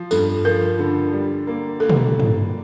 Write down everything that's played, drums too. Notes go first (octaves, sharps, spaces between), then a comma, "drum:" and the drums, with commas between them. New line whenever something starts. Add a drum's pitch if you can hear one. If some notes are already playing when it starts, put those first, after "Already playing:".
Already playing: F3
G2 A4, drum: tambourine
F3 A#4
D3
G3
A#3
A#3 A4
drum: tom
drum: tom